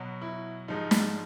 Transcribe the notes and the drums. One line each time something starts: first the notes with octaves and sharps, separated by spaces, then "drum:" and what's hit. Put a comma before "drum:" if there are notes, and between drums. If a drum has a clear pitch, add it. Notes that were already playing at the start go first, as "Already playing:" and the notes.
Already playing: B2 F#3
E4
G#2 F3 G#3 D#4
drum: snare